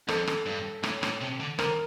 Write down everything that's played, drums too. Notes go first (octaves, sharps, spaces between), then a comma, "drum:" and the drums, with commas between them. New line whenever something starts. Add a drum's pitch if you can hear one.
F2 A4, drum: rim click
drum: rim click
G2
A2, drum: rim click
A2, drum: rim click
C3
D3
D3 A#4, drum: rim click